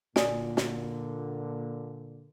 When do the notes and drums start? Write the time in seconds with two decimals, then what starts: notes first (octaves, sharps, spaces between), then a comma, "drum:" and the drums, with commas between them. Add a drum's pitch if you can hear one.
0.16 A#2 D3 D5 G#5 D#6, drum: snare
0.57 drum: snare